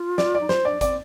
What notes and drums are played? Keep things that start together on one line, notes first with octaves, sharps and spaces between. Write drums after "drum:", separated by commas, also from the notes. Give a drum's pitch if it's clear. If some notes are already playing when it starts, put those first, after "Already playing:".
Already playing: F4
D5, drum: snare
D5
D#4
F4 C5, drum: snare
D4 D5
C4 D5, drum: kick G#1, hi-hat